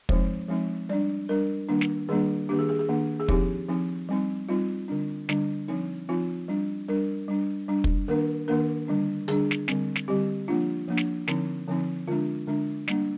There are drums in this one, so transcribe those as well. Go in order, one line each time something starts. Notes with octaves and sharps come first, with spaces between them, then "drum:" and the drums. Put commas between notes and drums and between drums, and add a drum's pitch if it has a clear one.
F3 G#3 C4 D#4 C5, drum: kick
F3 G#3 C4 D#4
G3 D4 D5
G3 D4 A#4
D#3 G3 A#3 D4
drum: snare
D#3 G3 A#3 D4 G#4
D#3 A#3 D4 G4
G#4
G#4
G#4
D#3 A#3 D4
G#4
F3 C4 D#4 G4, drum: kick
F3 C4 D#4
G3 C4 D#4
G3 C4 D#4 F4
D3 G3 D4
D3 G3 D4, drum: snare
F3 C4 D#4
F3 C4 D#4 F4
G3 D4
G3 D4 A#4
G3 D4
G3 D4
drum: kick
D#3 A#3 D4 A#4
D#3 A#3 D4 A#4
D3 G3 D4
D3 G3 D4 G#4, drum: hi-hat
drum: snare
D3 G3 C4, drum: snare
drum: snare
D3 G3 C4 G4
F3 A#3 D4 F4
F3 A#3 D4
drum: snare
D3 F3 C4 D#4, drum: snare
D3 F3 C4 D#4
D3 G#3 D4 F4
D3 G#3 D4
G3 A#3 D4, drum: snare